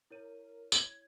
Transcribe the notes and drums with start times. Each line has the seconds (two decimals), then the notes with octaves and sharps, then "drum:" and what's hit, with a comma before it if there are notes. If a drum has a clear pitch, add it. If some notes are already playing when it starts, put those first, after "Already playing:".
0.11 E4 A#4 C#5 D#7
0.72 G#6, drum: tambourine